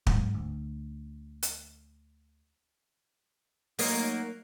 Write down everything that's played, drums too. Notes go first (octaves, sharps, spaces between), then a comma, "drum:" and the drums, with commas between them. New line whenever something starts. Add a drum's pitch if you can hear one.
G#2 F#3 G#3, drum: kick
D2
drum: hi-hat
F#3 A#3 D#4, drum: open hi-hat